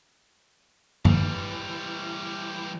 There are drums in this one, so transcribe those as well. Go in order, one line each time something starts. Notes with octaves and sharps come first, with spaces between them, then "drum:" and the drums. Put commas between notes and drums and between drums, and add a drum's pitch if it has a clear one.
E3 G3, drum: tom G2